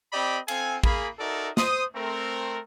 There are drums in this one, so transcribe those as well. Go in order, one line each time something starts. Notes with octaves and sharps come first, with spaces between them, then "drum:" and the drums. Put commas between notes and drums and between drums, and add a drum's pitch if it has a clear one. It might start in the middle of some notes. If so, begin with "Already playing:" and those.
C4 G4 D5 D#5 B5
C4 A4 F5 G#5, drum: cymbal
A#3 G#4 B5, drum: kick
D#4 F#4 A4 A#4 D5 E5
C5 D#6, drum: snare
A3 C4 A#4